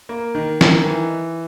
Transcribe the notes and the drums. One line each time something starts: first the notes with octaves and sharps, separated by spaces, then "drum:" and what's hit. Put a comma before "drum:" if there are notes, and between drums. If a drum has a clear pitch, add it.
A#3
D#3
D#3, drum: snare
E3